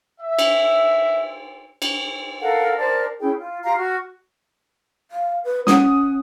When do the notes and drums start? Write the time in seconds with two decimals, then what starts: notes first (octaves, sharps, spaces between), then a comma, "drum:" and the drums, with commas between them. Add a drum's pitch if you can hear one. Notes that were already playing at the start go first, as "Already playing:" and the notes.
0.21 E5
0.39 drum: cymbal
1.82 drum: cymbal
2.41 A4 A#4 F5 F#5
2.77 A#4 C5 D5 A5
3.20 C#4 E4 G#4 G5
3.37 F4
3.64 F4 G4 F5 A#5
3.76 F#4 F6
5.11 F5
5.44 B4
5.67 C#4 F#5 D#6, drum: snare